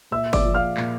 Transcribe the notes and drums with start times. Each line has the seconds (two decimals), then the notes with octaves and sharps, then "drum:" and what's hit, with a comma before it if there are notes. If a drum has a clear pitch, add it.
0.11 A#2 E5 E6
0.33 D5 D6, drum: kick G1, open hi-hat
0.45 F3
0.54 F5 F6
0.77 A#2, drum: clap